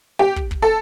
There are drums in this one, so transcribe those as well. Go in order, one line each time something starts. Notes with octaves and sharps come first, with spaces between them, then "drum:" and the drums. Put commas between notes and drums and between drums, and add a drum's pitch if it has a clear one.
G4
drum: kick
drum: kick
A4